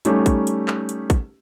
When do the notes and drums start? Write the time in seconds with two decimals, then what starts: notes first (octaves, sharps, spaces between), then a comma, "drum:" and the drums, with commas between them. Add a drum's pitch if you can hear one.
0.05 G3 A3 C#4 D#4 G4, drum: hi-hat
0.26 drum: kick, hi-hat
0.47 drum: hi-hat
0.68 drum: clap
0.89 drum: hi-hat
1.10 drum: kick, hi-hat